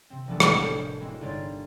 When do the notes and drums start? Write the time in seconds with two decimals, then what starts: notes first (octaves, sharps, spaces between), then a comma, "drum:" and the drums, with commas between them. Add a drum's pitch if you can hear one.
0.10 C3 C4
0.28 A#1 E3 A#3 B3 D4 A4
0.40 F1 D2 A2 E4 A#4, drum: rim click
0.60 C#5 A5 B5 D#6 G6 C7
1.00 G#3 A#3 C4 E4 F#4
1.21 G1 D#4 C#5 D5 C6 A6